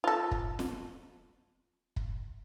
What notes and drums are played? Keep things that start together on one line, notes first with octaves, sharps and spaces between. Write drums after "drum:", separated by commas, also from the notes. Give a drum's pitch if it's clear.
F4 A4
drum: kick
drum: snare
drum: kick